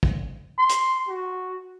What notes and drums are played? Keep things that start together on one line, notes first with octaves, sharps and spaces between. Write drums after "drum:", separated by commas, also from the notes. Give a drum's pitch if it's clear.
drum: kick
C6
drum: hi-hat
F#4